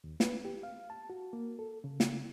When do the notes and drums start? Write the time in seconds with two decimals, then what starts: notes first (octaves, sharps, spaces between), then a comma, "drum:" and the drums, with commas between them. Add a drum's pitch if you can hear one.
0.04 D#2
0.20 B4, drum: snare
0.45 G4
0.63 F5
0.90 A5
1.10 F#4
1.33 A#3
1.59 A4
1.84 C#3
2.00 drum: snare